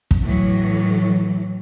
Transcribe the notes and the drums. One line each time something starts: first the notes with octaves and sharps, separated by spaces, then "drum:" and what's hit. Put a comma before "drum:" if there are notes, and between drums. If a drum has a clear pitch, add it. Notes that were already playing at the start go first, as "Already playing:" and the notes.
drum: kick
A2 E3 F#3